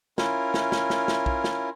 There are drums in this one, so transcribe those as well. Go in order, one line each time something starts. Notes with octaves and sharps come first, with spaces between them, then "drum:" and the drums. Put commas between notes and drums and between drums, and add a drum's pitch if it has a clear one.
C#4 E4 F4 A#4, drum: snare
drum: snare
drum: snare
drum: snare
drum: snare
drum: kick
drum: snare